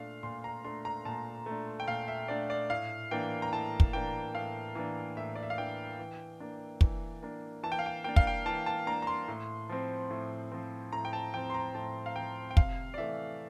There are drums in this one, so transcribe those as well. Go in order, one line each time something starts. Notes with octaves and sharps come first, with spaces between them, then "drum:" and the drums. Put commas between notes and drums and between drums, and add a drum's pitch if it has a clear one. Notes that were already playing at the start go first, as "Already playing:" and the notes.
Already playing: A#2 A3 D4 F5
A#2 C6
A#5
A3 D4 C6
A#5
A#2 A5
A3
D4
G5
A#2 F5
E5
A3 D4 D5
D5
A2 F5
E3 A#3 D4 G5
A#5
A2 A5
drum: kick
E3 A#3 D4 G5
A2 F5
E3 A#3 D4
A2 E5
D5
E5
F5
E3 A#3 D4 G5
E3
A#3 D4
E3, drum: kick
A#3 D4
E3 A5
G5
F5
G5
A#3 D4 G5
F5, drum: kick
G5
E3 A5
A5
A#3 D4 A#5
A#5
C6
A2
F3 C4
A2
F3 C4
A2 A#5
G5
A5
F3 C4 G5
C6
A#5
A2 A5
F5
F3 C4 G5
G5
C3 F5, drum: kick
D5
E3 A3 E5